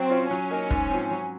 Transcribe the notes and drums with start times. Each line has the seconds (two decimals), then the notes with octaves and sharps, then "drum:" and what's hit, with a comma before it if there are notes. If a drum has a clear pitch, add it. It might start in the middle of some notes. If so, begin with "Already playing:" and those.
Already playing: F#3 C4
0.10 C#4 F4
0.31 F#3 C#4
0.51 A#3 D#4 A#4
0.71 G#2, drum: kick
0.90 F3 C4
1.11 F#3